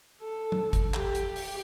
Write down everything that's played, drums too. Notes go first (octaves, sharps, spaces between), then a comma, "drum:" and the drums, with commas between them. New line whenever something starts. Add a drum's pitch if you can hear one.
A4
drum: tom
drum: kick, hi-hat
G4, drum: clap
drum: hi-hat
drum: open hi-hat